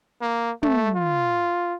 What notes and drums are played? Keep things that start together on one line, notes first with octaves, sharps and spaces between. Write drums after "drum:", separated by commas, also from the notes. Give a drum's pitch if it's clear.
A#3
A3, drum: tom
F4